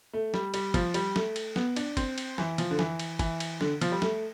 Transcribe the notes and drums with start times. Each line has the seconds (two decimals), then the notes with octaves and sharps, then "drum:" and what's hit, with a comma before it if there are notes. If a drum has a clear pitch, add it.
0.13 A3
0.34 G3, drum: snare
0.54 G3, drum: cymbal
0.74 F3, drum: kick, cymbal
0.94 G3, drum: cymbal
1.16 A3, drum: snare
1.36 drum: cymbal
1.56 B3, drum: snare
1.76 D4, drum: cymbal
1.97 C4, drum: kick, cymbal
2.18 drum: cymbal
2.38 E3, drum: snare
2.58 F3, drum: cymbal
2.71 D3
2.79 E3, drum: snare
2.99 drum: cymbal
3.19 E3, drum: kick, cymbal
3.40 drum: cymbal
3.61 D3, drum: snare
3.81 F3, drum: cymbal
3.92 G3
4.02 A3, drum: snare